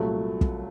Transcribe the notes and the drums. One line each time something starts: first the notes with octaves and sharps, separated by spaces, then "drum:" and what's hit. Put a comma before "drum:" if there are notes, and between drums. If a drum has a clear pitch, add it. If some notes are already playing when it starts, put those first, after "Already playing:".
Already playing: C2 A#2 F#3 A3
drum: kick